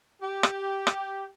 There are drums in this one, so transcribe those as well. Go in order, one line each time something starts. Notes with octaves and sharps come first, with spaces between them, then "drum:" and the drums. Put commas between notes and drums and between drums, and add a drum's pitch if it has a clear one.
G4
drum: rim click
drum: rim click